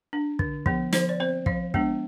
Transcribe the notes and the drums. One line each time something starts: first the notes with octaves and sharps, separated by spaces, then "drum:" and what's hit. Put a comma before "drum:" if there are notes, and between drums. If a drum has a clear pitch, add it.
D4
D3, drum: kick
F3 B3, drum: kick
F3 C5, drum: snare
D5
C4 C5
F3 F5, drum: kick
G#3 B3 D4, drum: kick